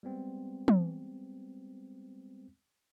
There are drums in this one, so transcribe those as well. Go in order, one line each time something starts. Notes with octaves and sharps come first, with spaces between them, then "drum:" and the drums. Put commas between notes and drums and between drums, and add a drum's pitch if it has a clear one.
G3 G#3 B3 C4
drum: tom